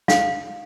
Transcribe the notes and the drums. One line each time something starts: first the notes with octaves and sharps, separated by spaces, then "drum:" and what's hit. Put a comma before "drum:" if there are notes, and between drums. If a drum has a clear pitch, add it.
F5, drum: snare